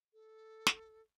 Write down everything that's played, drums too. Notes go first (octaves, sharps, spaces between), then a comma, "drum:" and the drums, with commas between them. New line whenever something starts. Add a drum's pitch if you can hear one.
A4
drum: snare